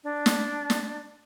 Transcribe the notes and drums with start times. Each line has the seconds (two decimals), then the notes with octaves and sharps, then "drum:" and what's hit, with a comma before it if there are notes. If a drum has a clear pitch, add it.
0.04 D4
0.26 drum: snare
0.70 drum: snare